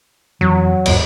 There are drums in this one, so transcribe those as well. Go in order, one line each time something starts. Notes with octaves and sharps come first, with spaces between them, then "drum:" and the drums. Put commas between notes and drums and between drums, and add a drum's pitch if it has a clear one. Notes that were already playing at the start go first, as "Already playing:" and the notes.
F2 E3 F#3
D#1 E2 G#2, drum: cymbal